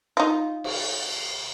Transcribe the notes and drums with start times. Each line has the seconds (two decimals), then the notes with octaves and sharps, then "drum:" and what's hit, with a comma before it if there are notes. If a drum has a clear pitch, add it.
0.17 D#4 F4
0.64 drum: cymbal